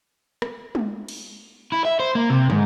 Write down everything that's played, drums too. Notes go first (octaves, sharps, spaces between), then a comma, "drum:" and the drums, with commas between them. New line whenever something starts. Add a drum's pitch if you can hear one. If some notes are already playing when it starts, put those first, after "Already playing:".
drum: rim click
drum: tom
drum: cymbal
E4
E5
C5
A#3
C3
G#2, drum: tom